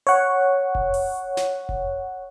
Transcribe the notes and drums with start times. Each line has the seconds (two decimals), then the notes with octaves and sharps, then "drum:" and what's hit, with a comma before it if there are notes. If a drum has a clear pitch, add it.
0.07 C#5 F#5
0.75 drum: kick F1
0.94 drum: open hi-hat
1.37 drum: snare
1.69 drum: kick F1